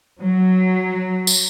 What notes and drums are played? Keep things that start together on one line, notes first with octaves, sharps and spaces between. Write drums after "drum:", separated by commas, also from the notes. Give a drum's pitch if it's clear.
F#3
drum: tambourine